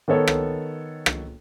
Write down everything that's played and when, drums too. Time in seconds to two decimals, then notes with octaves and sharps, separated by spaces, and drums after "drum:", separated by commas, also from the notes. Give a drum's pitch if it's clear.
0.08 D#3 B3 A4 C#5
0.27 drum: rim click
1.06 drum: rim click